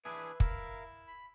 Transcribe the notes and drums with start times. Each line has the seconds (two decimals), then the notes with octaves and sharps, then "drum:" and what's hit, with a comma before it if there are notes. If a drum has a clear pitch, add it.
0.05 E3 D4 G#4 B4 E5
0.40 E4 A#4 E5 F5, drum: kick
1.08 B5